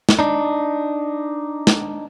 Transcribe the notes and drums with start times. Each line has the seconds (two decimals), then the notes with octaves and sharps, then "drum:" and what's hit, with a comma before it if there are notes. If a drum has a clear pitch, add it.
0.09 drum: snare
0.19 D4 D#4
1.67 drum: snare